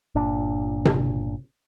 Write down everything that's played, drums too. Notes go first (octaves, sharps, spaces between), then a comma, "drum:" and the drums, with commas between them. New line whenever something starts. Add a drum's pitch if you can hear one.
G1 A#2 D4
drum: tom C3